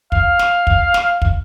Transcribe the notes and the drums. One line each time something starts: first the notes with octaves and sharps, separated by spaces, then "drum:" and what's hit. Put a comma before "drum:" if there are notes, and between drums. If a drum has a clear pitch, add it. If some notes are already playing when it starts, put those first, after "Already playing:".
F5, drum: kick
drum: snare
drum: kick
drum: snare
drum: kick